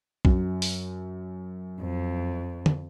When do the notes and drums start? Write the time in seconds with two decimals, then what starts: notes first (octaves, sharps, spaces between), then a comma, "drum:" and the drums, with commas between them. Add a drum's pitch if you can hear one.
0.25 F#2, drum: kick
0.62 drum: open hi-hat
1.80 F2
2.66 drum: tom